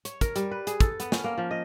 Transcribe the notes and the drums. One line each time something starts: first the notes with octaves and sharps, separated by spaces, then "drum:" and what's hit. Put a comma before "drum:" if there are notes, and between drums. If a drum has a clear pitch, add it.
C#5, drum: hi-hat
A#4, drum: kick, hi-hat
G3, drum: hi-hat
B4
G#4, drum: hi-hat
A4, drum: kick, hi-hat
B3, drum: hi-hat
C#4, drum: snare
A#3
F3
D#5